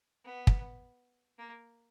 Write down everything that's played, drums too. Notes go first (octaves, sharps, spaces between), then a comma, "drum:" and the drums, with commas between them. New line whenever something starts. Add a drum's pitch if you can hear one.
B3
drum: kick
A#3